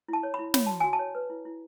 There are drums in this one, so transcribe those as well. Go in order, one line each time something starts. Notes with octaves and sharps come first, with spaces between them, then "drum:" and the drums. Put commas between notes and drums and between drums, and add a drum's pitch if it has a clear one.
E4 A5
C#5
E4 B5
C#5 B5, drum: snare
F#4 A5
F#4 G#5
A5
C#5
B4
E4
E4